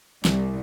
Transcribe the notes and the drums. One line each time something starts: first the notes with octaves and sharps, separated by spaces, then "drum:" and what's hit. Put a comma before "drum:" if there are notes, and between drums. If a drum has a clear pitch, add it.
C2, drum: snare